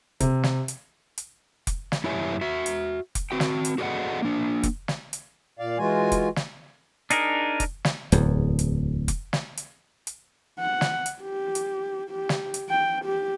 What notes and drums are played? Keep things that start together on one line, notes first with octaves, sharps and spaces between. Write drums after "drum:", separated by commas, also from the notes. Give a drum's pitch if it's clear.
C3, drum: kick F1, hi-hat
drum: snare
drum: hi-hat
drum: hi-hat
drum: kick F1, hi-hat
drum: snare
F#2 E4 G4 C#5 E5 G#5
F#4 E5
drum: hi-hat
drum: kick F1, hi-hat
C4 F#4 G5
drum: snare
drum: hi-hat
F#4 G#4 A4 D5 D#5 F#5
A#3 D4
drum: kick F1, hi-hat
drum: snare
drum: hi-hat
A#2 D5 F5
E3 G#3 F4 F#4 G#5
drum: kick F1, hi-hat
drum: snare
D4 D#4 G#4 A#4, drum: hi-hat
drum: kick F1, hi-hat
drum: snare
D1 E2, drum: hi-hat
drum: hi-hat
drum: kick F1, hi-hat
drum: snare
drum: hi-hat
drum: hi-hat
F#5
drum: snare
drum: hi-hat
G4
drum: hi-hat
G4
drum: snare
drum: hi-hat
G5
G4